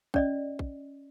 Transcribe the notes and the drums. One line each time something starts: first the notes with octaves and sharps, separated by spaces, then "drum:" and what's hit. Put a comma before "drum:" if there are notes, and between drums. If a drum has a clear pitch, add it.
C#4 D5 D#5, drum: kick
drum: kick